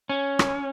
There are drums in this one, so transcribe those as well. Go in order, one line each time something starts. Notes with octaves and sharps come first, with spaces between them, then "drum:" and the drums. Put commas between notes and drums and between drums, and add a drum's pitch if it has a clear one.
C#4
drum: rim click